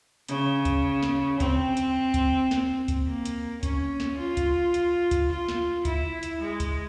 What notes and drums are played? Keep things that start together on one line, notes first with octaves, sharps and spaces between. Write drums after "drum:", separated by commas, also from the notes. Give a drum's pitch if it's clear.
C#3, drum: hi-hat
drum: kick C#2, hi-hat
drum: snare
C4, drum: kick C#2, hi-hat
drum: hi-hat
drum: kick C#2, hi-hat
drum: snare
drum: kick C#2, hi-hat
A#3
drum: hi-hat
C#4, drum: kick C#2, hi-hat
drum: snare
F4
drum: kick C#2, hi-hat
drum: hi-hat
drum: kick C#2, hi-hat
F4
drum: snare
E4, drum: kick C#2, hi-hat
drum: hi-hat
G#3
drum: kick C#2, hi-hat